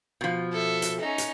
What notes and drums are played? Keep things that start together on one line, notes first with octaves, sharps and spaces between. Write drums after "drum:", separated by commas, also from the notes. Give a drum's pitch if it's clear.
B2 F3
A4 E5
drum: hi-hat
C#4 D#4
drum: hi-hat